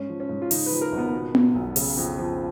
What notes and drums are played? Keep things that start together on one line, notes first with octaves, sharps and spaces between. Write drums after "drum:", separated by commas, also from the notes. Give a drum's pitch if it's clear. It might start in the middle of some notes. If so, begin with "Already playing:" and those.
Already playing: G#2 C#4
F3
C#4
G#2
F4
C#3 D#4, drum: open hi-hat
B4
F3
A#4
G#1
B3
B2
B2, drum: tom B3
B1
C#3, drum: open hi-hat
F2
F3